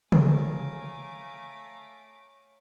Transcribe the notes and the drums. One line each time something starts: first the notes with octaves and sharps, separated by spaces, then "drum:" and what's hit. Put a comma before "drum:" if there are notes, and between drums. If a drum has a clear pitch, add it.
A3 C#5 F5 G#5 A#5 D6, drum: tom